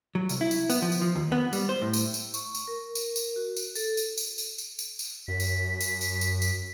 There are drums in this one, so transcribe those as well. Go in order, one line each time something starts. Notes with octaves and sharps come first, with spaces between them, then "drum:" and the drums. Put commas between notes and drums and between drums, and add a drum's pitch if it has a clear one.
F#3
C2, drum: tambourine
E4
drum: tambourine
B3, drum: tambourine
F3
drum: tambourine
F3
D#2
B3
G3, drum: tambourine
C5
A2
drum: tambourine
drum: tambourine
C#6, drum: tambourine
drum: tambourine
A#4
drum: tambourine
drum: tambourine
F#4
drum: tambourine
A4, drum: tambourine
drum: tambourine
drum: tambourine
drum: tambourine
drum: tambourine
drum: tambourine
drum: tambourine
F#2 B6
drum: tambourine
drum: tambourine
drum: tambourine
drum: tambourine
drum: tambourine